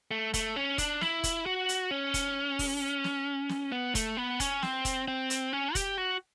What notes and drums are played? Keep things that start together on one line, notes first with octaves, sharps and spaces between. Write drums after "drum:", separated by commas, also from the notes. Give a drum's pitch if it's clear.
A3
A3, drum: kick F1, hi-hat
C#4
D4, drum: kick F1, hi-hat
E4, drum: snare
drum: kick F1, hi-hat
F#4
drum: hi-hat
C#4
drum: kick F1, hi-hat
drum: kick F1, open hi-hat
drum: snare
drum: snare
B3
A3, drum: kick F1, hi-hat
B3
C#4, drum: kick F1, hi-hat
C4, drum: snare
drum: kick F1, hi-hat
C4
drum: hi-hat
C#4
G4, drum: kick F1, hi-hat
F#4